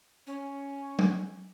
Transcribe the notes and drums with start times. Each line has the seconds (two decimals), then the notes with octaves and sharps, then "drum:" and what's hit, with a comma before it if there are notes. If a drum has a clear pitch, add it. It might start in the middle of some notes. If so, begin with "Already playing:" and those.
0.27 C#4
0.99 drum: tom F#3